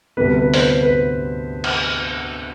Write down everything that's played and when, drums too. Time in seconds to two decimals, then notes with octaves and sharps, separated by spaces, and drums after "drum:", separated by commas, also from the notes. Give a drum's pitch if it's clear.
0.17 D2 C3 G3 B3 B4
0.39 B4
0.54 C5, drum: open hi-hat
0.60 B4
0.83 B4
1.64 drum: cymbal